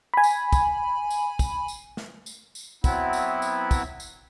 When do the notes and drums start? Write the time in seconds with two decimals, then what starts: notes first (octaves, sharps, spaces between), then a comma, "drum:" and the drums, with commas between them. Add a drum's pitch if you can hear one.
0.14 G#5 B5
0.24 drum: tambourine
0.53 drum: kick, tambourine
1.10 drum: tambourine
1.39 drum: kick, tambourine
1.68 drum: tambourine
1.97 drum: snare
2.26 drum: tambourine
2.55 drum: tambourine
2.84 F#3 B3 C4 E4, drum: kick, tambourine
3.13 drum: tambourine
3.42 drum: tambourine
3.71 drum: kick, tambourine
4.00 drum: tambourine